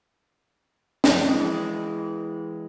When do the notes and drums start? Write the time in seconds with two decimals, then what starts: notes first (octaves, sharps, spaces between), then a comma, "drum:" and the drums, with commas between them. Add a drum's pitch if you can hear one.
1.04 drum: snare
1.25 E3 G#3